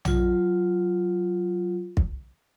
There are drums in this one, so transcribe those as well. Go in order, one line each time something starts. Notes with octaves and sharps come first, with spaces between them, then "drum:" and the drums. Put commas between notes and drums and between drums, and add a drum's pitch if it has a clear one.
F#3 F4, drum: tom
drum: kick